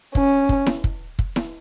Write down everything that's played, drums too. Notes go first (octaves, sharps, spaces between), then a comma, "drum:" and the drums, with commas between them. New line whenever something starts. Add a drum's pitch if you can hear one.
C#4, drum: kick
drum: kick
drum: snare E4
drum: kick
drum: kick
drum: snare E4